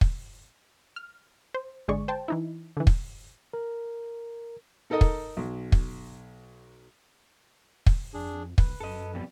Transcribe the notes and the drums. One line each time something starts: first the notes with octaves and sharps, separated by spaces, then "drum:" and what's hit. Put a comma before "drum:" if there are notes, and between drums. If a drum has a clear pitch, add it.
drum: kick
F6
C5
G#1 D3 G#3 G#4 D5 C#6
C5 G5 A5
E3 D#4 E4
D3 E3
drum: kick
A#4
D#4 A4 A#4 D#5 D#6
drum: kick
B1
drum: kick
drum: kick
F2 D4 G#4
C2 B4, drum: kick
F#2 A4 D#5
F2 B2 G3